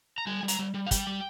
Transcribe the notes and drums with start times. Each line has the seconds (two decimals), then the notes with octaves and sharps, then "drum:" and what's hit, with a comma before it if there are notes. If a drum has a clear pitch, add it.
0.18 A#5
0.27 G3 G#5
0.43 G3
0.48 A#5, drum: hi-hat
0.59 G3
0.74 G3
0.86 F5
0.91 G3 G5, drum: kick, hi-hat
1.07 G3